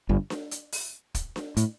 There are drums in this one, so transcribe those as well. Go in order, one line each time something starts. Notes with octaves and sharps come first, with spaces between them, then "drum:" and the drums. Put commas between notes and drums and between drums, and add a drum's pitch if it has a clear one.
G1 G2
drum: snare D4
drum: hi-hat
drum: open hi-hat
drum: kick, hi-hat
drum: snare D4
A2, drum: hi-hat